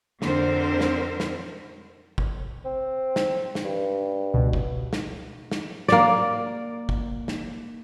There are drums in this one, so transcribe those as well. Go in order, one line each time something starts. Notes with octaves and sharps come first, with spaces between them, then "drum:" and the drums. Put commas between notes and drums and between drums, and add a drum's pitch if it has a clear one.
F2 D3 C4 A#4 C5, drum: snare
drum: snare
drum: snare
drum: kick
C4
drum: snare
drum: snare
G2
C#2 B2
drum: kick
drum: snare
drum: snare
A#3 D5, drum: snare
drum: kick
drum: snare